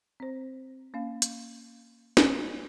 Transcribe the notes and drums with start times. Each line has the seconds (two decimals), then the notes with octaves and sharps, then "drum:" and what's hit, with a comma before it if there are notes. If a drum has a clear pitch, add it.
0.20 C4 C5
0.94 A#3 C#4 F5
1.22 drum: hi-hat
2.17 drum: snare